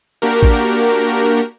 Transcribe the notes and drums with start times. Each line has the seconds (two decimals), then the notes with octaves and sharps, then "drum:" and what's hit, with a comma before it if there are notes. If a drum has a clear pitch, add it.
0.22 A#3 D4 F#4 G4 A#4
0.43 drum: kick